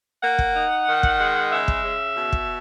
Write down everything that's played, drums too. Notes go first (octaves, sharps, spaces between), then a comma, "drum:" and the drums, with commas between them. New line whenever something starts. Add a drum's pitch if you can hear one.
A#3 F#5
drum: kick
D#4
D#3
drum: kick
G#3
C#3 E5
drum: kick
C#3
B2
drum: kick